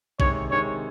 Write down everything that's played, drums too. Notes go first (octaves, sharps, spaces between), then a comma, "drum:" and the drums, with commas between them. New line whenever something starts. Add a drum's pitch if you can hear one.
C3 D#3 G#3 C#5, drum: kick A#1
C3 D#3 G#3 C#5